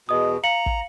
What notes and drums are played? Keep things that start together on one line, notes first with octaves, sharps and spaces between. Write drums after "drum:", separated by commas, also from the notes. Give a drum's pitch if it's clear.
E2 B2 D#5 D#6
F5 A#5 C#7 F#7
drum: kick